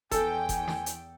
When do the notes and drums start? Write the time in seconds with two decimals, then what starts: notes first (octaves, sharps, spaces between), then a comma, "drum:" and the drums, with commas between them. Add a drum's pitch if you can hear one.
0.11 E2 A4 G5 G#5, drum: kick F#1, hi-hat
0.49 drum: kick F#1, hi-hat
0.68 drum: snare
0.86 drum: hi-hat